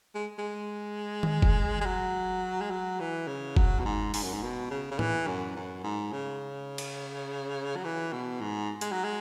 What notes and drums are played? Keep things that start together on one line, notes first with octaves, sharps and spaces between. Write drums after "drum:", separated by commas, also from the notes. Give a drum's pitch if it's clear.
G#3
G#3
drum: tom D#3
drum: kick F#1
G#3
F#3
G#3
F#3
E3
C#3
F#3, drum: kick F#1
B2
G#2
G#2, drum: open hi-hat
F#2
G#2
B2
C#3
C#3
E3, drum: tom A2
F#2
F#2
G#2
C#3
drum: cymbal
F#3
E3
B2
G#2
G#3, drum: hi-hat
F#3
G#3